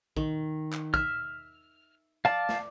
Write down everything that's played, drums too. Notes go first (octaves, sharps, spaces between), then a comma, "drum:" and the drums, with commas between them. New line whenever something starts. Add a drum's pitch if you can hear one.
D#3, drum: kick A#1
drum: clap
E5 F6, drum: kick A#1
D5 F5 A5
drum: snare